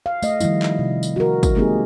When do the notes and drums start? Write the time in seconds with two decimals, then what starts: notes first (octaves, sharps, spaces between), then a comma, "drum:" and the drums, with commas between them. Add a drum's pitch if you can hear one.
0.06 F5
0.23 A3 D#5, drum: tambourine
0.40 D#3 F3 G3 A3 E4, drum: tambourine
0.63 drum: clap
0.79 C3
1.03 drum: tambourine
1.16 F#4 A#4
1.43 drum: kick, tambourine
1.55 G#3 A#3 C4 D#4 G4 G#4